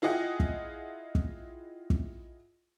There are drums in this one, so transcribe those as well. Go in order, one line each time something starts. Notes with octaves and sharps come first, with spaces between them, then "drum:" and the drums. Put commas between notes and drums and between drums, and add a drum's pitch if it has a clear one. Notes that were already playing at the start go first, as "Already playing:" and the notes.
E4 F4 G#4 D#5 F#5 G5
drum: kick
drum: kick
drum: kick